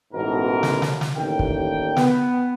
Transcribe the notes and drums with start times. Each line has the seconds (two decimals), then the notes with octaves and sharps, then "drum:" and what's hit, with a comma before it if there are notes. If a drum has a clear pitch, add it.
0.13 A1 G#2 B2 A#4
0.63 drum: snare
0.82 drum: snare
1.01 drum: snare
1.16 A1 D#2 A#3 D4 G5
1.39 drum: kick
1.97 B3, drum: snare